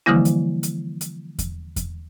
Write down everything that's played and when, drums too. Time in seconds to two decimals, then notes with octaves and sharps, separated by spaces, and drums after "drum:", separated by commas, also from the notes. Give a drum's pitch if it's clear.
0.06 D3 E3 F3 G3 A#3 E4
0.25 drum: hi-hat
0.63 drum: hi-hat
1.01 drum: hi-hat
1.39 drum: kick E2, hi-hat
1.76 drum: kick E2, hi-hat